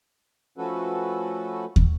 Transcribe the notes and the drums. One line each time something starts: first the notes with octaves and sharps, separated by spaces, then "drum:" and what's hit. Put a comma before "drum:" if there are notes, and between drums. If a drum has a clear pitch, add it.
F3 A3 C#4 F#4 A4 B4
drum: kick